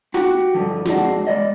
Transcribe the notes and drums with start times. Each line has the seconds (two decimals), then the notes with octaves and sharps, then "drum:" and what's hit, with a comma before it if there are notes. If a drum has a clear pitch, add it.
0.14 F#4 G4, drum: snare
0.54 G2 D3 F3
0.85 F2 G#3 D4 F#4, drum: snare
1.27 G#3 A3 D5 D#5